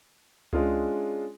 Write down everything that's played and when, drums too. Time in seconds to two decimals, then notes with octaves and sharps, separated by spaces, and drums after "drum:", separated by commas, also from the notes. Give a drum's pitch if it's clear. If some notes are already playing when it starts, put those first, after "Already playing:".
0.53 G#3 C#4 D4 F4 G#4, drum: tom C#2